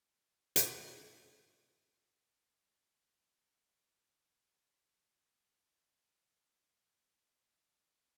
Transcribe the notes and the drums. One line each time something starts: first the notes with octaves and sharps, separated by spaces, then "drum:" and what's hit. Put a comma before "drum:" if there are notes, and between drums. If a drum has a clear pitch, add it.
F#2 C#3 E3 G3 G#3 G#4 A4
drum: hi-hat
E3 F#3 F4
A4 B4 F5
D#4 F4 F#4 B4